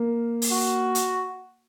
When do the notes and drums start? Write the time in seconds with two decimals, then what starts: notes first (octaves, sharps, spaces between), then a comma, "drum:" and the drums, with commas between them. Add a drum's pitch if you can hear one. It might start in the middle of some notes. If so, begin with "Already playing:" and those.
Already playing: A#3
0.42 drum: open hi-hat
0.51 F#4
0.95 drum: hi-hat